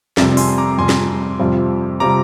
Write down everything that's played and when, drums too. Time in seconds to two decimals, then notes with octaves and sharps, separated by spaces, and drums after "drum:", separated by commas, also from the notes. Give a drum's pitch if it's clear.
0.17 F2 C3 G3 A#4 D5, drum: snare
0.37 G#5 C6, drum: open hi-hat
0.58 A#5 D6
0.78 F2 C3 G3 G#5 C6
0.89 drum: snare
1.39 F2 C3 G3 C4 F4
2.00 C3 G3 C4 F4 A#5 D6